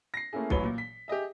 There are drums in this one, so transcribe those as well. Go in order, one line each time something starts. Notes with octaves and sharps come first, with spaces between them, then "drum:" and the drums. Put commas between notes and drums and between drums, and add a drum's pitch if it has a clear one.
A#6 C7
A3 A#3 C#4 E4 G#4
A1 E3 F#3 B4 C#5 G7, drum: kick
A#2
B6
G4 G#4 D#5 E5